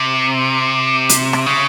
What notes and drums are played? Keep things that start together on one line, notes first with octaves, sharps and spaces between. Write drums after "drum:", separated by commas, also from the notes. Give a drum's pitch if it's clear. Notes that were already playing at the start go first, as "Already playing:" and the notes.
Already playing: C3
drum: hi-hat
drum: rim click
C#3